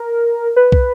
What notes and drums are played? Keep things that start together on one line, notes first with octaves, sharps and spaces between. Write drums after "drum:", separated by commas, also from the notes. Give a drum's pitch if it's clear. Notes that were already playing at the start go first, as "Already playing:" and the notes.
Already playing: A#4
B4
drum: kick